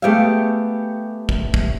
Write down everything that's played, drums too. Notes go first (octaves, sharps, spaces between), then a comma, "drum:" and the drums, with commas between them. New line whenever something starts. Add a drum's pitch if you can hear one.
A3 B3 G4 G#4 E5 F5
drum: kick
drum: kick